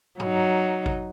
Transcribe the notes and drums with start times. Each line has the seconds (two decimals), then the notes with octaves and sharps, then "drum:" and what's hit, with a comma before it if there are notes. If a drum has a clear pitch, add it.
0.20 F#3 D#4, drum: tom G2
0.86 drum: kick G#1